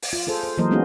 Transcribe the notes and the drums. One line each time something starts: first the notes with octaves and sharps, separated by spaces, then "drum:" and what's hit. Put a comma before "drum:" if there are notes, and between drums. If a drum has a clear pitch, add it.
drum: open hi-hat
F4
F4 G#4 A4 C5
C5
E3 F#3 A#3 A#4 C5 D#5
G#3 B3 C#4 D#4 F#4 G#4